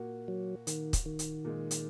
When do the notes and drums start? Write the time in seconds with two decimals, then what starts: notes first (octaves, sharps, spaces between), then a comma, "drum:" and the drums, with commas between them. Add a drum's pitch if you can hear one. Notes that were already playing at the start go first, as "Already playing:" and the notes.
Already playing: A#2 A#3 F#4
0.28 F#3
0.67 D#3, drum: hi-hat
0.93 drum: kick C#1, hi-hat
1.06 D#3
1.19 drum: hi-hat
1.45 A#2 G#3 D#4
1.71 drum: hi-hat